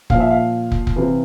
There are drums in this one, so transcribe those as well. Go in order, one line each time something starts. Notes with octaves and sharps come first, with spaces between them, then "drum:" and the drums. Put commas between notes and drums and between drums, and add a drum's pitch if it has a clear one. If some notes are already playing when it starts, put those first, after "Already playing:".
A#2 F3 F5, drum: kick
E5
F5
drum: kick
drum: kick
C3 E3